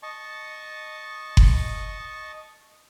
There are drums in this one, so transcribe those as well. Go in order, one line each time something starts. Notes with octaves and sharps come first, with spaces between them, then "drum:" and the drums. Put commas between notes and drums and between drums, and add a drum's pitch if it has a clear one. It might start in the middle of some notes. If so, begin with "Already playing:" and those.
D#5 A5 C#6
drum: kick F#1